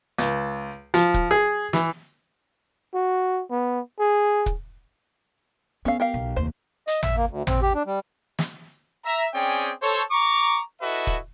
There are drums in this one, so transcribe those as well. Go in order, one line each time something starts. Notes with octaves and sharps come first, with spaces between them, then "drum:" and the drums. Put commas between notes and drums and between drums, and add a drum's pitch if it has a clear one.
C#2, drum: hi-hat
F3, drum: hi-hat
drum: kick
G#4
E3, drum: snare
F#4
B3
G#4
drum: kick
B3 C#4 A4 F5
G4 A#4 F5
B1
F1 D#2 C5
D#5, drum: hi-hat
E5, drum: tom
A#3
D2
C4, drum: tom
G4
D4
G3
drum: snare
E5 A#5
C4 C#4 G#4 D5 G5
A4 C5 C#5
A#5 C#6 D6
E4 F#4 A4 B4 D#5 E5
drum: kick